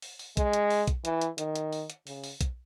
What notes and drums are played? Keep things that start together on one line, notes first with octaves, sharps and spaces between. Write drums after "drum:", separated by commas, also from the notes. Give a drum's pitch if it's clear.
drum: open hi-hat
drum: open hi-hat
G#3, drum: kick, hi-hat
drum: hi-hat
drum: open hi-hat
drum: kick, hi-hat
E3, drum: hi-hat
drum: hi-hat
D#3, drum: hi-hat
drum: hi-hat
drum: open hi-hat
drum: hi-hat
C#3, drum: open hi-hat
drum: open hi-hat
drum: kick, hi-hat